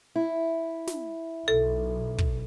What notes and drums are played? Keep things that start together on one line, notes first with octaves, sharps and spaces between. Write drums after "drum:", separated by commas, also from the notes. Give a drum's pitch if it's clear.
E4
drum: snare
B1 A4
drum: kick